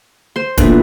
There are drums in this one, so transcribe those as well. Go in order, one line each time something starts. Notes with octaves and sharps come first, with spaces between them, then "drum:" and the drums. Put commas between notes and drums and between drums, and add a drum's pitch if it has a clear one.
C5 C6
A#2 E3 A3 B3 D4, drum: kick, hi-hat